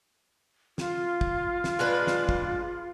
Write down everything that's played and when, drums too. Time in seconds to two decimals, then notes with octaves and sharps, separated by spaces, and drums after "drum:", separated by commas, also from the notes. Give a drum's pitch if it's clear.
0.78 F4, drum: snare
1.21 drum: kick
1.64 drum: snare
1.79 G#3 D4 B4
2.07 drum: snare
2.29 drum: kick